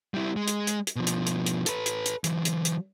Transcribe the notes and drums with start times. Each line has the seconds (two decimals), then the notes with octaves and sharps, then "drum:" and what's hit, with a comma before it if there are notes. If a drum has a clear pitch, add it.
0.14 G3 E4
0.36 G#3
0.48 drum: hi-hat
0.67 drum: hi-hat
0.87 drum: hi-hat
0.96 B2 F3
1.07 drum: hi-hat
1.27 drum: hi-hat
1.46 drum: hi-hat
1.66 A4 B4, drum: hi-hat
1.86 drum: hi-hat
2.06 drum: hi-hat
2.24 E3 F#3, drum: hi-hat
2.45 drum: hi-hat
2.65 drum: hi-hat